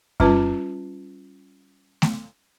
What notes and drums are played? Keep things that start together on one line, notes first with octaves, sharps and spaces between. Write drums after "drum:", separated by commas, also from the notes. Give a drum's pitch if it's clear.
G3 C#4 F4 B4 A5, drum: kick F#2
drum: snare A3